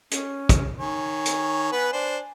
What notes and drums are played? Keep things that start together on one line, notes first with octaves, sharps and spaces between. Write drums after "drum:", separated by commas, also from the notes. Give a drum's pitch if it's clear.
C#4, drum: hi-hat
drum: kick, hi-hat
D#3 C#5 G#5
drum: hi-hat
B3 B4
D4 C5